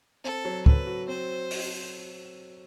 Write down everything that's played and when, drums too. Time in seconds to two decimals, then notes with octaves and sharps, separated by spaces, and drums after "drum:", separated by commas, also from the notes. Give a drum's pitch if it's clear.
0.24 C4 A4
0.45 F#3
0.66 A4 B4, drum: kick
0.87 F#4
1.08 C4 C5
1.51 drum: open hi-hat